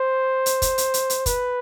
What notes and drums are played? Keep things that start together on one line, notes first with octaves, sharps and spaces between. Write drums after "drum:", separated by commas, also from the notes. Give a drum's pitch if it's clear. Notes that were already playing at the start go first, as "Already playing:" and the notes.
Already playing: C5
drum: hi-hat
drum: kick, hi-hat
drum: hi-hat
drum: hi-hat
drum: hi-hat
B4, drum: kick, hi-hat